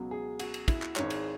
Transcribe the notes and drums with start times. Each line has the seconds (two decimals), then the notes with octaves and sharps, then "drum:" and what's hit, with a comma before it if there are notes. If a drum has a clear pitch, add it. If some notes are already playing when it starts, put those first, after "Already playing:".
Already playing: C#2 B2 F#3
0.11 G#4
0.39 F#4, drum: cymbal
0.54 drum: cymbal
0.68 E4, drum: kick, cymbal
0.82 drum: clap
0.96 G#1 G#2 G#3 C#5, drum: clap
1.10 drum: cymbal